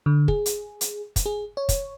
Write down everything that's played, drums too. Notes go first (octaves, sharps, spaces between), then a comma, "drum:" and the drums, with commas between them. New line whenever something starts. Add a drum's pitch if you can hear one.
D3
G#4, drum: kick
drum: hi-hat
drum: hi-hat
drum: kick, hi-hat
G#4
C#5
drum: kick, hi-hat